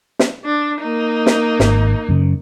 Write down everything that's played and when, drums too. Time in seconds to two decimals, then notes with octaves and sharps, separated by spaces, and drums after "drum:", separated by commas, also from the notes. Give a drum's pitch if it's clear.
0.19 drum: snare
0.45 D4
0.81 A#3 D#4
1.26 drum: snare
1.60 G#1, drum: snare
2.09 F#2 C#3